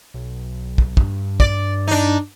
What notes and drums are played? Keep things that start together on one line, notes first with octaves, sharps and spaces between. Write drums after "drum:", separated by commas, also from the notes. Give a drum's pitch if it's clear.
B1
drum: kick
G2, drum: kick
D5, drum: kick
D4 D#4